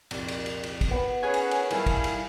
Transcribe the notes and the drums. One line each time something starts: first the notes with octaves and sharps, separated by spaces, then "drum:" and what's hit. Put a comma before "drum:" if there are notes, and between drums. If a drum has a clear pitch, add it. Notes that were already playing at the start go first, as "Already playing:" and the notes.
C2 F2 A#2, drum: cymbal
drum: cymbal
drum: cymbal
drum: cymbal
drum: kick, cymbal
B3
C#4 G#4 B4 C#5 F#5 G#5
drum: cymbal
drum: cymbal
D#3 G3 E4 A4 F5, drum: cymbal
drum: kick, cymbal
drum: cymbal